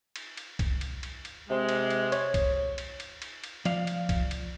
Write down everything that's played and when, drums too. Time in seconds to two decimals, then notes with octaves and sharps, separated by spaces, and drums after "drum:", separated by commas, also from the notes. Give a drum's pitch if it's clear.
0.16 drum: cymbal
0.37 drum: cymbal
0.59 drum: kick C2, cymbal
0.81 drum: cymbal
1.03 drum: cymbal
1.25 drum: cymbal
1.49 C3 G#3
1.69 drum: cymbal
1.90 drum: cymbal
2.12 C#5, drum: cymbal
2.34 drum: kick C2, cymbal
2.78 drum: cymbal
3.00 drum: cymbal
3.22 drum: cymbal
3.44 drum: cymbal
3.65 F3 D5 F5, drum: cymbal
3.87 drum: cymbal
4.09 drum: kick C2, cymbal
4.31 drum: cymbal